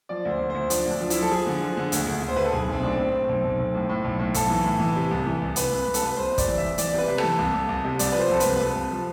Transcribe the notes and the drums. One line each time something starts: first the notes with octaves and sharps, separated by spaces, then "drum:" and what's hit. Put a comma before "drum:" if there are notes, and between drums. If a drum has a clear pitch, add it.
F3 D5
D2 C5
D2
D2 C5
F3 D4, drum: hi-hat
D2 D4
F3
E4, drum: hi-hat
F3
A4
F3 G#4
D3
F3
D3
D2, drum: hi-hat
D2
D2
C5
D2 B4
A4
B1 G#4
B1 C4
A2 D4
C4
A2
A2
B1
B1
B1
A2
A2
B1
A2
B1 A4, drum: hi-hat
E3
A2
E3
C3
C2
E3
C2
C2 B4, drum: hi-hat
C2
C2
A4, drum: hi-hat
C2 B4
C2 C5
C3
D5, drum: kick, hi-hat
E3
E5
C2
E3 D5, drum: hi-hat
C3
B4
C3
E3 A4, drum: rim click
C2
C2
C2
C3
C2 D5, drum: hi-hat
B4
F3 C5
C2 A4
B4, drum: hi-hat
C2
B4
C2 A4
C2
F3